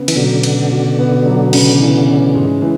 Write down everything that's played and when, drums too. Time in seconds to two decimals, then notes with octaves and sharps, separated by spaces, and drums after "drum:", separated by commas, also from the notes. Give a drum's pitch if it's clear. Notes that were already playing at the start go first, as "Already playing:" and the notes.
Already playing: C#3 B3
0.08 E3, drum: cymbal
0.16 B2 D3 F#3
0.43 C#3, drum: cymbal
0.71 F#4
0.99 B3
1.26 F#3
1.53 C#3, drum: cymbal
1.80 E3
2.08 C#4
2.35 G#2 G#3
2.62 E3